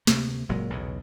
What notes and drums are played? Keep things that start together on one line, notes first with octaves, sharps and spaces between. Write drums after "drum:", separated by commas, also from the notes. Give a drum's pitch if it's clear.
D2 C3 A3 A#3, drum: snare
F#1 A#2 F#3 G#3
B1 E2 C#3